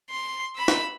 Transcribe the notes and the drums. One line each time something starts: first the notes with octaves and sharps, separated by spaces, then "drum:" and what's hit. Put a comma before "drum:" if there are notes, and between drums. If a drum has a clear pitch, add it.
C6
B5 E6
drum: snare